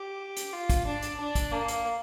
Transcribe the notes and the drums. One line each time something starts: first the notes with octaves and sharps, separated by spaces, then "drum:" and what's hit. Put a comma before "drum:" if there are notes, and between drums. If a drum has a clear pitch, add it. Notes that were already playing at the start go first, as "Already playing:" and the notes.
Already playing: G4
drum: hi-hat
F4
drum: kick, hi-hat
D4
drum: hi-hat
D4
drum: kick, hi-hat
A#3
drum: hi-hat